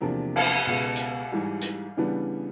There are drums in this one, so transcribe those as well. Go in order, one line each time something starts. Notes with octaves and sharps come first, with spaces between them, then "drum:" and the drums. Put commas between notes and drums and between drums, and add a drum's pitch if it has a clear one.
E2 C3 F3 A#3 D4
drum: cymbal
C#2 B2 G#3 B3
drum: hi-hat
G#2 E3 G3
drum: hi-hat
C#3 E3 G3 B3 D4